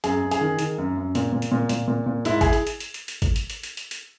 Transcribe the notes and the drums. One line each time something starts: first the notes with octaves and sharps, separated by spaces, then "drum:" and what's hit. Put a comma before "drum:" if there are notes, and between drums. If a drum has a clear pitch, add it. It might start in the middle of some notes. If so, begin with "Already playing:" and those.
F#2 G#4, drum: hi-hat
F#2
G#4, drum: hi-hat
D#3
D#3, drum: hi-hat
F#2
F#2
A#2, drum: hi-hat
A#2
drum: hi-hat
A#2
A#2, drum: hi-hat
A#2
A#2
G#2 E4, drum: hi-hat
G#4, drum: kick G#1, hi-hat
drum: hi-hat
drum: hi-hat
drum: hi-hat
drum: hi-hat
drum: hi-hat
drum: kick G#1, hi-hat
drum: hi-hat
drum: hi-hat
drum: hi-hat
drum: hi-hat
drum: hi-hat